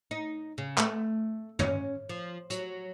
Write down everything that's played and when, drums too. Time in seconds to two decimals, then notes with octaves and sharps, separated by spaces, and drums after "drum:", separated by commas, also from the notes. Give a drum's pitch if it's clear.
0.11 D#4
0.58 C#3
0.78 A3, drum: clap
1.59 C#4, drum: tom
2.09 F3
2.50 F#3, drum: hi-hat